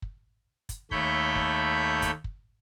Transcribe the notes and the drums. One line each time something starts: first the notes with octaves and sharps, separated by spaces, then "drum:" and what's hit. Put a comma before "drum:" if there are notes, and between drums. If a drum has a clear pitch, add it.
drum: kick
drum: kick, hi-hat
D#2 A3 C#5 B5 G6, drum: kick
drum: kick
drum: kick, hi-hat
drum: kick